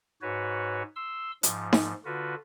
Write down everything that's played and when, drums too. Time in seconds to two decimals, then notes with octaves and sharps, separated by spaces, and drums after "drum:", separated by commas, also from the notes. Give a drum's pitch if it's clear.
0.22 G#2 F#4 B4 C#5
0.96 C6 E6
1.43 G#2 F3, drum: hi-hat
1.73 drum: snare D#4
2.05 D3 F4 F#4 B4